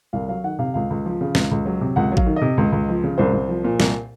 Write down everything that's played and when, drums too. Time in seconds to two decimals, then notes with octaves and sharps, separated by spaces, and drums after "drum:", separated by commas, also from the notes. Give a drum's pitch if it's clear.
0.13 C2 F5
0.28 F#3 F5
0.44 D#3 F#5
0.59 C3 F5
0.74 C#2 F5
0.90 C#2
1.06 F3
1.21 C#3
1.35 C#2, drum: snare
1.51 C#2
1.66 F#3
1.81 C3
1.96 C#2 F#5
2.12 F#3
2.17 F5, drum: kick A1
2.26 D#3
2.36 D#5
2.41 C3
2.57 C#2
2.72 C#2
2.88 F3
3.04 C#3
3.18 C2 C5
3.33 C2
3.48 F3
3.64 A#2
3.80 C2, drum: snare